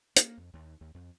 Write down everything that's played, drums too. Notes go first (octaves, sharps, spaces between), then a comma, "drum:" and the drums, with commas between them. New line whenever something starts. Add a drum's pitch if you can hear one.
A#3, drum: hi-hat
F2
D#2
D#2
F2